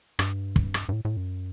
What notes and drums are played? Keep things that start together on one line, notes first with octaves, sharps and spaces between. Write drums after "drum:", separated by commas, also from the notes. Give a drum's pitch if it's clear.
G2, drum: rim click
drum: kick
drum: rim click
G2
A2
A2
F#2